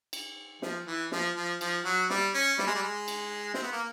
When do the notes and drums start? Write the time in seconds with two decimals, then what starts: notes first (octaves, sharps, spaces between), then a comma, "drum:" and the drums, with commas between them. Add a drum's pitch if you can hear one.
0.13 drum: cymbal
0.62 F3, drum: snare
0.87 E3
1.12 F3, drum: snare
1.36 F3
1.61 F3, drum: cymbal
1.84 F#3
2.10 G3, drum: snare
2.34 C#4
2.59 G3, drum: snare
2.67 G#3
2.75 G3
2.83 G#3
3.08 drum: cymbal
3.54 C4, drum: snare
3.63 B3
3.73 A#3